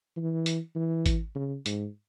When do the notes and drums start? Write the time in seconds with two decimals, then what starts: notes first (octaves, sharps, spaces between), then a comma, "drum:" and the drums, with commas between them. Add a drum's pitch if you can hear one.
0.17 E3
0.46 drum: hi-hat
0.76 E3
1.06 drum: kick G#1, hi-hat
1.35 C#3
1.66 G#2, drum: hi-hat